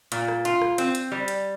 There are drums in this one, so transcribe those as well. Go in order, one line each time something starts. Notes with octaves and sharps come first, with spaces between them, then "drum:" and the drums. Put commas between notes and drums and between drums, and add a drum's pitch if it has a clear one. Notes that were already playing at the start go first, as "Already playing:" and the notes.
A#2, drum: hi-hat
drum: rim click
F4, drum: hi-hat
drum: rim click
C4, drum: hi-hat
drum: hi-hat
G3
drum: hi-hat